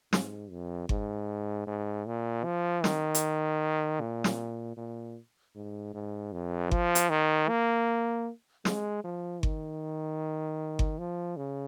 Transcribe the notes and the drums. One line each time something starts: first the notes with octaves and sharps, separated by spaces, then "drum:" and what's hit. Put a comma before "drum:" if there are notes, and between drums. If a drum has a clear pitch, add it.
G#2, drum: snare
F2
G#2, drum: kick G1
G#2
A#2
F3
D#3, drum: snare
drum: hi-hat
A#2
drum: snare
A#2
G#2
G#2
F2
F3, drum: kick G1
drum: hi-hat
D#3
A#3
G#3, drum: snare
F3
D#3, drum: kick G1
drum: kick G1
F3
C#3